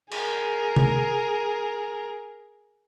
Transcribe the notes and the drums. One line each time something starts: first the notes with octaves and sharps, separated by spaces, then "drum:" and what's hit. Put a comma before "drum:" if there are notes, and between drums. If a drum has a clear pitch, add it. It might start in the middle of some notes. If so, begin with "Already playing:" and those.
G#4 A#4, drum: cymbal
drum: tom C3